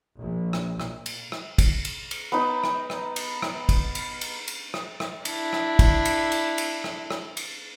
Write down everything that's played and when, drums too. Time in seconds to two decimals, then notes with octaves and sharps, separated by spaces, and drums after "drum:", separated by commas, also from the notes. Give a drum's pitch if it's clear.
0.19 A#1
0.53 drum: rim click
0.80 A#2, drum: rim click
1.06 drum: cymbal
1.32 drum: rim click
1.58 drum: kick, cymbal
1.85 drum: cymbal
2.11 drum: cymbal
2.32 B3 D#4
2.64 drum: rim click
2.90 drum: rim click
3.16 drum: cymbal
3.42 drum: rim click
3.69 drum: kick, cymbal
3.95 drum: cymbal
4.21 drum: cymbal
4.48 drum: cymbal
4.74 drum: rim click
5.00 drum: rim click
5.25 D4 E4, drum: cymbal
5.53 drum: rim click
5.79 drum: kick, cymbal
6.05 drum: cymbal
6.32 drum: cymbal
6.58 drum: cymbal
6.84 drum: rim click
7.11 drum: rim click
7.37 drum: cymbal